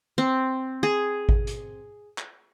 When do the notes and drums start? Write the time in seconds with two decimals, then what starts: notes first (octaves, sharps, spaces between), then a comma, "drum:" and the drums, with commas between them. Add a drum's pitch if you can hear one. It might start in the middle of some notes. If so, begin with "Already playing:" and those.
0.18 C4
0.83 G#4
1.29 drum: kick G#1
1.47 drum: hi-hat
2.18 drum: clap